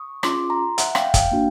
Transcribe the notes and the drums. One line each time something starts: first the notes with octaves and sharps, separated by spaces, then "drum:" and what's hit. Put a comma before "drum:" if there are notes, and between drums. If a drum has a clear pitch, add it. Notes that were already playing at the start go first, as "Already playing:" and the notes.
Already playing: C#6 D#6
C#4 F4 G#4 C6 D6, drum: rim click
A#5 C6
E5 F#5, drum: hi-hat
F5 G5, drum: rim click
F5 G5, drum: kick, hi-hat
A#3 D4 F#4